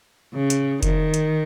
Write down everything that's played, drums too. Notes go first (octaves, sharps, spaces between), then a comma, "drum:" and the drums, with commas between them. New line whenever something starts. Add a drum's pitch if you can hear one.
C#3
drum: hi-hat
D#3, drum: kick F1, hi-hat
drum: hi-hat